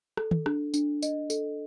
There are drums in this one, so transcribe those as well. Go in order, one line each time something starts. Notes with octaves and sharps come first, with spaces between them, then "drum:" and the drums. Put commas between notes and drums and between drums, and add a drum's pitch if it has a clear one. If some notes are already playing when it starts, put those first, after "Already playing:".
A4, drum: rim click
drum: tom D#3
D4, drum: rim click
D4, drum: tambourine
D#5, drum: tambourine
A4, drum: tambourine